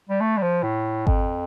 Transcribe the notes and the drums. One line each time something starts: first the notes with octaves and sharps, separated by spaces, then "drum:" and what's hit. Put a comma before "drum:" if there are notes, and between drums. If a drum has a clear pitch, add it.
G3
A3
G3
F3
A2
F2, drum: kick G#1